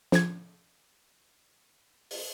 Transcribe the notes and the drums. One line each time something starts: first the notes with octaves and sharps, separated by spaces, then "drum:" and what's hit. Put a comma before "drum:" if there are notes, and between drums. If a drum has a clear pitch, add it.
F3 G#6, drum: snare
drum: open hi-hat